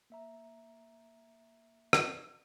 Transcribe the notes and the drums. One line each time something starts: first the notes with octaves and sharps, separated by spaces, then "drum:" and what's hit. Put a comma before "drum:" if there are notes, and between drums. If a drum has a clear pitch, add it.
A#3 E5 A#5
drum: rim click